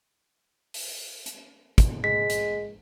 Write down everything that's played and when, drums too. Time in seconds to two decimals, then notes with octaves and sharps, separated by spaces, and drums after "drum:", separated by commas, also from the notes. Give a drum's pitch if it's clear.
0.74 drum: open hi-hat
1.26 drum: hi-hat
1.78 drum: kick, hi-hat
2.04 G#3 B6
2.30 drum: hi-hat